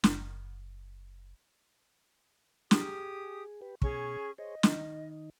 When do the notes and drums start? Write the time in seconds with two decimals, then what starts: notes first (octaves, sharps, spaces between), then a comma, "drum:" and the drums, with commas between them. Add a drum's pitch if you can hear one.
0.04 F#1, drum: snare
2.71 G4 G#4 D#6, drum: snare
3.61 G4 B4
3.82 B2 C#4 G#4 C#6, drum: kick
4.38 G#4 C5 C#5 D#5
4.63 D#3 D#4, drum: snare